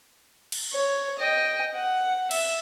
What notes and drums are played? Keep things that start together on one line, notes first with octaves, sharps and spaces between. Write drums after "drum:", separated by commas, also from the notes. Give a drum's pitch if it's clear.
drum: cymbal
C#5
D#5 G5
F#5
E5, drum: cymbal